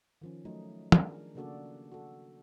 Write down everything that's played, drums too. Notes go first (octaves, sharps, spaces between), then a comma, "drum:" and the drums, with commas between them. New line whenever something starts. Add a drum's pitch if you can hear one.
D#3 F3 C#4
F#3 A3 D#4
D#3 F3 D4 G#4 A#4, drum: tom
C#3 A#3 D4 F#4 A4 D5
F#4 A4